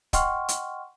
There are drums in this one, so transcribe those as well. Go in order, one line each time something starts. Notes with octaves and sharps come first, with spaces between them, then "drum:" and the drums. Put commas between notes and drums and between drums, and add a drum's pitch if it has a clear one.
D#5 F#5 G5 C6 C#6 F6, drum: kick, hi-hat
drum: hi-hat